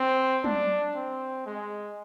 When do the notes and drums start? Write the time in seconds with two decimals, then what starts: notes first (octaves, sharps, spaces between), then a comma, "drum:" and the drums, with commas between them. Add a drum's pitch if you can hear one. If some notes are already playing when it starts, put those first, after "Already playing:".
Already playing: C4
0.44 D4, drum: tom
0.96 C4
1.46 G#3